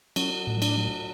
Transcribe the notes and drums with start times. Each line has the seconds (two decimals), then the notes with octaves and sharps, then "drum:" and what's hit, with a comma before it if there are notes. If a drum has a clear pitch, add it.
0.16 F#3 C#4, drum: cymbal
0.47 A2
0.62 D4, drum: cymbal
0.77 F#3